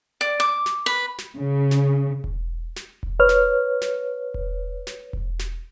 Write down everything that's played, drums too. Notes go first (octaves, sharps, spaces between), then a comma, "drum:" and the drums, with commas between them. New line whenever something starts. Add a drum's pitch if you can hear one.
D5
D6
drum: snare
B4
drum: snare
C#3
drum: snare
drum: kick E1
drum: snare
drum: kick E1
B4 C#5 F6
drum: snare
drum: snare
drum: kick E1
drum: snare
drum: kick E1
drum: snare